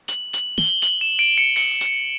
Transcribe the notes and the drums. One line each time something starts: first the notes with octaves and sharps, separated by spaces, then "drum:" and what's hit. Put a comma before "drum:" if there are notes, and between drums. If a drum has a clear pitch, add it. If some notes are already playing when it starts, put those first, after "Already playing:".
F#7, drum: hi-hat
F#7, drum: hi-hat
G7, drum: snare
F#7, drum: hi-hat
E7
D7
C#7
C#7, drum: open hi-hat
drum: hi-hat